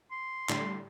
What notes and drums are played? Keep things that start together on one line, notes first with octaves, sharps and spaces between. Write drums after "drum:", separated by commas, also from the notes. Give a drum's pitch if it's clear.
C6
A2 D3 G3, drum: clap